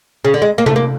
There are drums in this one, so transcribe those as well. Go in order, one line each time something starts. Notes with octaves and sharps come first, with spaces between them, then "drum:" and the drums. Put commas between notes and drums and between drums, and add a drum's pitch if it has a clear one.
C#3
D3
G#3
A#3
A3, drum: tom C3
A#3